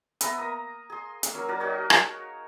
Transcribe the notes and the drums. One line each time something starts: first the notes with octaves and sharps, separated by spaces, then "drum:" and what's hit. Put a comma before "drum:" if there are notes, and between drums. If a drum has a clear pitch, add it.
B3 E5 A#5, drum: hi-hat
A#3 A#5 D#6
G#4 C6
drum: hi-hat
F#3 A#3 C#4
F#3 F#4 A#4 D5
D#4 F#4 G#4 C#5
drum: rim click